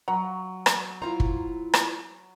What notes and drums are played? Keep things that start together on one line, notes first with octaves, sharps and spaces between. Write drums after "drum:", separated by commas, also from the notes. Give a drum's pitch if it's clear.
F#3 F#5 A#5 B5
drum: rim click
E4 F4 C5 F5 A#5
drum: kick
drum: rim click